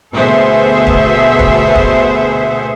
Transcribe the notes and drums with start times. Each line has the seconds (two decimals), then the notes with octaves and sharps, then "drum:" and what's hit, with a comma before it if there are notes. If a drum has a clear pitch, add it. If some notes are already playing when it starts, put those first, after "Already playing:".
0.13 D2 B2 G#4 A4 C5 E5
0.87 drum: kick
1.39 drum: kick
1.75 drum: kick